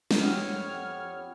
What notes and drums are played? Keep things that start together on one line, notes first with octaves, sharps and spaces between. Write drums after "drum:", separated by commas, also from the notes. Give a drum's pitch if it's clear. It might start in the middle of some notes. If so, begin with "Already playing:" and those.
drum: snare
F2 G3 B3 C#5 E5 F6